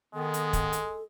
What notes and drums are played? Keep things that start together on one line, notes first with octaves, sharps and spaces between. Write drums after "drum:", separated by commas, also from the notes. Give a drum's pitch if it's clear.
D#3 G#3 B3 A4
drum: hi-hat
drum: kick, hi-hat
drum: hi-hat